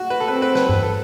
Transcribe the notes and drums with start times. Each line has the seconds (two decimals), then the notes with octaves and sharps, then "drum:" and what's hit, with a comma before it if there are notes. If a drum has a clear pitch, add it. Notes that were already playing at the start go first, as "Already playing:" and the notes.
Already playing: F#4
0.10 B4
0.20 A4
0.28 C4 B4
0.42 B4
0.55 B4, drum: snare
0.69 drum: tom G2
0.83 A4